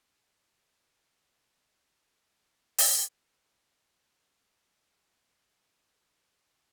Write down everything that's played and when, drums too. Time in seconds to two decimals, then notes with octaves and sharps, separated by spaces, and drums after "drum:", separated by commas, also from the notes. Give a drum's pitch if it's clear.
0.16 D4
0.33 A3
0.65 D#4
0.84 C5
1.02 D4
1.17 C5
1.40 D4
1.53 D3
1.72 F4
1.96 C5
2.16 G#3
2.31 C5
2.78 drum: open hi-hat
3.70 A#3
5.19 D5 G5
5.44 G5 G#5 F6
5.64 A5 C#6 D6 G#6 A#6
5.94 A4 C6
6.18 C6 F6 G6
6.40 C5 E7